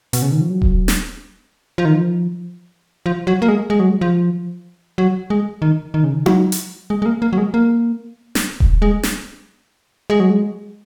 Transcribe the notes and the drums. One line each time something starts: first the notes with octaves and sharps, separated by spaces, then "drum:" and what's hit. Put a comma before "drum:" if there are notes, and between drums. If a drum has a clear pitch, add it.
B2, drum: hi-hat
C#3
D#3
F3
F#3
drum: kick D#1
drum: snare
F3
D#3
F3
F3
F#3
A#3
G#3
G#3
F#3
G#3
F3
F#3
G#3
D#3
D#3
C#3
D#3
F#3, drum: tom D#4
drum: hi-hat
G#3
G#3
A#3
A#3
F#3
G#3
A#3
drum: snare
drum: kick D#1
G#3
drum: snare
G#3
F#3
G#3